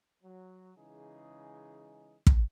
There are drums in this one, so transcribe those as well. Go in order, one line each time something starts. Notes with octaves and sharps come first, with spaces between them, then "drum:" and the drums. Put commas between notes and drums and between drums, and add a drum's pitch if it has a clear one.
F#3
C#3 E3 G#3 D#4 G#4
drum: kick